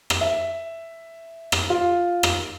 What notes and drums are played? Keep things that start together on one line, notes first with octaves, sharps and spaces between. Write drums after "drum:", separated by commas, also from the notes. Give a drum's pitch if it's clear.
drum: rim click
E5
drum: rim click
F4
drum: rim click